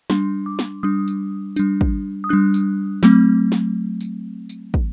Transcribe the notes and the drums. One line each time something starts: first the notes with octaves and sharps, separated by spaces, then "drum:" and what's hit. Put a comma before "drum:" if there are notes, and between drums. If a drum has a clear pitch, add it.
G3 D4 C6, drum: snare
D6
drum: snare
G3 D4 D#6
drum: tambourine
G3 D4, drum: tambourine
drum: kick
D#6
G3 D4 F#6
drum: tambourine
F#3 A3 C4, drum: snare
drum: snare
drum: tambourine
drum: tambourine
drum: kick